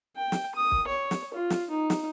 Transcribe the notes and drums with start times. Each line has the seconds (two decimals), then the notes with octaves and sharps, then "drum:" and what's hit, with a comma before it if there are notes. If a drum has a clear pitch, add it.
0.17 G5
0.32 drum: snare
0.55 D#6
0.71 drum: kick
0.87 C#5
1.11 drum: snare
1.34 F4
1.50 drum: snare
1.70 D#4
1.90 drum: snare